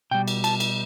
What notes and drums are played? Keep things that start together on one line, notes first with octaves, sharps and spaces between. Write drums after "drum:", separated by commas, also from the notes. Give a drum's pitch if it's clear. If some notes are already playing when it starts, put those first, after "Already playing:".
B2 G3 G5
drum: cymbal
A5, drum: cymbal
drum: cymbal